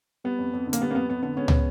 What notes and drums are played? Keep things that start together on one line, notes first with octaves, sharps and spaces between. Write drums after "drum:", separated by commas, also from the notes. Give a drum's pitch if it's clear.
G3 B3
F2
F2
D3
A#3, drum: hi-hat
G3 B3
A#3
F2 B3
F2 B3
D3 B3
G#3 B3 C#4
drum: tom